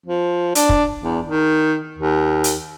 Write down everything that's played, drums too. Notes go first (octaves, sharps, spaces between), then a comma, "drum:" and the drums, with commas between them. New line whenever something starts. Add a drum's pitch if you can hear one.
F3
D4, drum: hi-hat
drum: kick
E2
D#3
D#2
drum: hi-hat